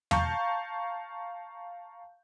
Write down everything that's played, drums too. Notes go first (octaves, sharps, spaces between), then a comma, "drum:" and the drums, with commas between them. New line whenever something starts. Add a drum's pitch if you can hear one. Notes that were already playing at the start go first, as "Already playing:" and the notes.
F5 A5 A#5 C#6 G6, drum: tom E2